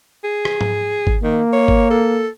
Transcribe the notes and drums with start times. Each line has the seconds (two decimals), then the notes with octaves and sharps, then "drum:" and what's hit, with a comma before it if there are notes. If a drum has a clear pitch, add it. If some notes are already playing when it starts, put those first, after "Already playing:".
0.24 G#4
0.45 drum: rim click
0.61 drum: tom G#2
1.07 drum: kick
1.24 D#3 A#3
1.53 C#5
1.68 drum: kick
1.91 A4